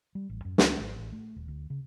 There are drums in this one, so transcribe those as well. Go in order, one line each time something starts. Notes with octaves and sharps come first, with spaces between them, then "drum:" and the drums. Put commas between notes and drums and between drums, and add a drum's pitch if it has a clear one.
G3
A1
F#2
C#2, drum: snare
G#1
A1
A3
D#1
D2
C#3